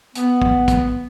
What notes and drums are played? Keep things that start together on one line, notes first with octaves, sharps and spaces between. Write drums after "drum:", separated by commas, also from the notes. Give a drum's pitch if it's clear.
B3, drum: hi-hat
drum: kick
drum: kick, hi-hat